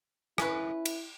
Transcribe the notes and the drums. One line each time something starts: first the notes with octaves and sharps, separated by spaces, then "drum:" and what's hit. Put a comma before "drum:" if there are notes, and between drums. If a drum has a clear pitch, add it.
C#4 E4 B4, drum: rim click
drum: cymbal